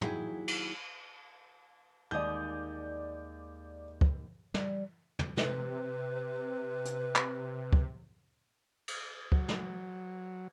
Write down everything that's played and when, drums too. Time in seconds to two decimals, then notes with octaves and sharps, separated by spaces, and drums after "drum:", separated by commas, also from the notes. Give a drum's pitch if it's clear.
0.01 D#2 F#3 E4 G#4 G5 G#5, drum: tom
0.48 drum: cymbal
2.11 D#2 G#3 D5 D#6 G6
4.01 drum: kick
4.54 G3, drum: snare
5.19 drum: tom
5.37 C3 B4, drum: snare
6.85 drum: hi-hat
7.15 drum: clap
7.73 drum: kick
8.88 drum: cymbal
9.32 F#3, drum: kick
9.48 drum: snare